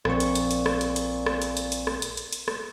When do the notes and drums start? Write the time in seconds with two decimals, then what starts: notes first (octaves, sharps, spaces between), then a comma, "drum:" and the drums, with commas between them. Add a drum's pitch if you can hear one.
0.05 A#1 A#2 C4 C#6, drum: rim click
0.20 drum: hi-hat
0.35 drum: hi-hat
0.51 drum: hi-hat
0.66 drum: rim click
0.81 drum: hi-hat
0.96 drum: hi-hat
1.26 drum: rim click
1.42 drum: hi-hat
1.57 drum: hi-hat
1.72 drum: hi-hat
1.87 drum: rim click
2.02 drum: hi-hat
2.17 drum: hi-hat
2.33 drum: hi-hat
2.48 drum: rim click